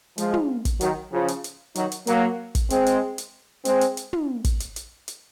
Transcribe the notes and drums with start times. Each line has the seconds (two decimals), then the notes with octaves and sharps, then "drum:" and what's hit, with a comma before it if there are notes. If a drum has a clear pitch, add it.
0.18 F3 G#3, drum: hi-hat
0.34 drum: tom
0.65 drum: kick, hi-hat
0.81 D#3 F#3, drum: hi-hat
1.13 C#3 F3
1.28 drum: hi-hat
1.44 drum: hi-hat
1.75 D#3 F#3, drum: hi-hat
1.92 drum: hi-hat
2.07 F#3 A#3, drum: hi-hat
2.55 drum: kick, hi-hat
2.70 G#3 C4, drum: hi-hat
2.86 drum: hi-hat
3.18 drum: hi-hat
3.65 G#3 C4, drum: hi-hat
3.81 drum: hi-hat
3.97 drum: hi-hat
4.13 drum: tom
4.44 drum: kick, hi-hat
4.60 drum: hi-hat
4.76 drum: hi-hat
5.08 drum: hi-hat